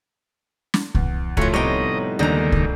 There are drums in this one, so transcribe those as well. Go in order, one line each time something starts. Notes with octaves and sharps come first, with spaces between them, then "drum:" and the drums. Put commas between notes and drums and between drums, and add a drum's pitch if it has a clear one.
drum: snare
E2, drum: kick C2
A2 F3 A3 F4 F#4 C#5 G#5, drum: kick C2
C3 G3 B3 D#4 C#5 D#5 G5 A#5
F#1 D#2 D3 D#3 G#3 A#3 A#5 G6
drum: kick C2